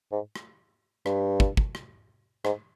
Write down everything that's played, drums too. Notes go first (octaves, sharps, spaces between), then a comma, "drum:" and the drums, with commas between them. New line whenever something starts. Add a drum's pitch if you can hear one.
G#2
drum: rim click
G2, drum: rim click
drum: kick
drum: kick
drum: rim click
G#2, drum: rim click